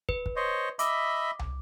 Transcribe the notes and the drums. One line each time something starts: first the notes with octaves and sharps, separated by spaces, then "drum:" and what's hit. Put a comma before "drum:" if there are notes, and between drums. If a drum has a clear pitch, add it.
B4, drum: kick
drum: kick
C5 C#5 D#5
D#5 E5 B5 D6, drum: hi-hat
drum: tom